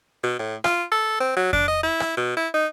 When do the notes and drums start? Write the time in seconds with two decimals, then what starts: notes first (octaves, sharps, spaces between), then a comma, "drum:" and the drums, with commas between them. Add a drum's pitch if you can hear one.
0.23 B2
0.39 A2
0.64 F4, drum: rim click
0.92 A4
1.20 C4
1.36 F#3
1.53 D4, drum: kick F2
1.68 D#5
1.83 E4
2.00 drum: rim click
2.17 B2
2.37 E4
2.54 D#4